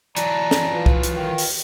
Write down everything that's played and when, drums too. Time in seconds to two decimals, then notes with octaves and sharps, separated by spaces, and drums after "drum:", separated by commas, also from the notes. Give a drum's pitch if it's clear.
0.16 E3 F#3 D5 A5 A#5, drum: hi-hat
0.51 drum: snare
0.72 F4 B4
0.86 drum: kick C2
1.03 drum: hi-hat
1.17 D#3
1.38 drum: open hi-hat